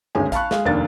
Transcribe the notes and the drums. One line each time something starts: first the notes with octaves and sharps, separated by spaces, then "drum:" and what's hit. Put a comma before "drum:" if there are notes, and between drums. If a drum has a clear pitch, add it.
G#1 D2 G#3 C#4 G#5
F5 A5 B5 C#6 F#6, drum: kick A#1, hi-hat
G#3 F5, drum: snare
F1 D#2 A#3 D4 A6